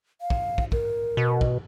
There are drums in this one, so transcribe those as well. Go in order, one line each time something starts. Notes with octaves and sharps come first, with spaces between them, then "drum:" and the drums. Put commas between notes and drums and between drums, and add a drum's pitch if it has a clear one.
F5
drum: kick
drum: kick
A#4, drum: kick
B2
drum: kick